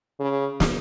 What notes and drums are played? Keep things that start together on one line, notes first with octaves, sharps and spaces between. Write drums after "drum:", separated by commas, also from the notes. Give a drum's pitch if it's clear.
C#3
drum: snare